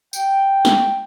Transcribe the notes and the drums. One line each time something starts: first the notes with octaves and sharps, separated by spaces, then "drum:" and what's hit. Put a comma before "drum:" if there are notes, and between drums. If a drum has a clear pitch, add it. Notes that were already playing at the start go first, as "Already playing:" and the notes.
G5, drum: tambourine
drum: snare